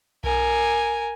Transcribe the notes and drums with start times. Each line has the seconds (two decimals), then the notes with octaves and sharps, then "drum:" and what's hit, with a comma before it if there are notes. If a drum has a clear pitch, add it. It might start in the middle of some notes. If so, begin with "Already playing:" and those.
0.24 A#4 G#5, drum: kick B1